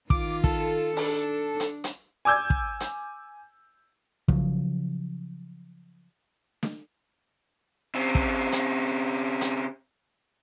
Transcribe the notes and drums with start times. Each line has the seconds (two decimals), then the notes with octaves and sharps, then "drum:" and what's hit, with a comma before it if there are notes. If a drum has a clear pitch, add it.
0.10 D#3 F4 D6, drum: kick
0.44 A4, drum: kick
0.96 D4, drum: open hi-hat
1.60 drum: hi-hat
1.84 drum: hi-hat
2.25 G#5 D6 E6 G6 G#6
2.50 drum: kick
2.80 drum: hi-hat
4.28 C#3 F3 F#3, drum: kick
6.63 drum: snare
7.94 C#3 C4
8.15 drum: kick
8.52 drum: hi-hat
9.41 drum: hi-hat